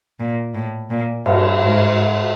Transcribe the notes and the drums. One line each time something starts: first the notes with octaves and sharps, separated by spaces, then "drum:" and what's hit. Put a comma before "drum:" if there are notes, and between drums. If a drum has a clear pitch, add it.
A#2
A2
A#2
G2, drum: cymbal
G#2